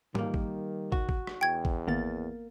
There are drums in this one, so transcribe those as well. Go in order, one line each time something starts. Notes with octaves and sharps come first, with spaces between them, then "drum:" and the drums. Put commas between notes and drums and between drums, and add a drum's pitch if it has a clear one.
D#3 G3 A#3, drum: tom G#2
drum: kick
F#4, drum: kick
drum: kick
drum: rim click
E2 G5 G#6
drum: kick
G#1 A#3 B3 A6